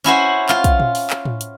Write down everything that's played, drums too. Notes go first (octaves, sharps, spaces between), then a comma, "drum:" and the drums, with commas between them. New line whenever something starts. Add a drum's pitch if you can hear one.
C#4 E4 F#4 C5
F4, drum: clap
drum: kick, hi-hat
drum: tom A#2
drum: open hi-hat
drum: clap
drum: tom A2
drum: hi-hat